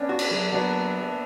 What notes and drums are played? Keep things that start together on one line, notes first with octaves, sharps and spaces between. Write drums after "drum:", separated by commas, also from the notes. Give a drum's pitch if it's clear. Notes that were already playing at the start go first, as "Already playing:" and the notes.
Already playing: B3 C#4 D4
F#4
drum: cymbal
F#3
F#3 B3 D4